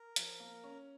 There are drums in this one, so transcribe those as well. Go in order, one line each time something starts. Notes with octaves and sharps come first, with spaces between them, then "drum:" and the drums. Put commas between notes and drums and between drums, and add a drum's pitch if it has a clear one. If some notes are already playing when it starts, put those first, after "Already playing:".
Already playing: A#4
F3, drum: hi-hat
A#3
C#4